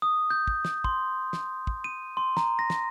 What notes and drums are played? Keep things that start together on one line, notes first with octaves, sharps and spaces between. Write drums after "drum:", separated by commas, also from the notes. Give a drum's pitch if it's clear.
D#6
G6
drum: kick
drum: snare
C6, drum: kick
drum: snare
drum: kick
D#7
C6
A#5, drum: snare
A#6
drum: snare